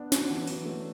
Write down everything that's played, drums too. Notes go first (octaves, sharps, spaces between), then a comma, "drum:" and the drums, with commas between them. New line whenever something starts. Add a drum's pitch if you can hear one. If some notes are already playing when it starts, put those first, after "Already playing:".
Already playing: B3 D4
F#4, drum: snare
E3
F#3, drum: open hi-hat
A3